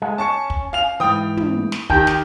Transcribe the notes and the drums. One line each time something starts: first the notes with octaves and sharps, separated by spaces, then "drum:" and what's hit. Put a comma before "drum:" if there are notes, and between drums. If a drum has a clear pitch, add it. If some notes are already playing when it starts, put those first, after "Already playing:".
G#3
C#4 A5 C#6 C#7
drum: kick
F5 F7
G#2 E3 G5 D#6
drum: tom
drum: snare
D#3 G4 G5, drum: kick
drum: snare